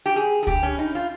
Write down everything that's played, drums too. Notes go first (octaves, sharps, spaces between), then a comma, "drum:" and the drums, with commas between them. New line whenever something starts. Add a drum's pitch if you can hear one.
G4
G#4
G#4
G4, drum: kick C#2
C#4
D#4
F4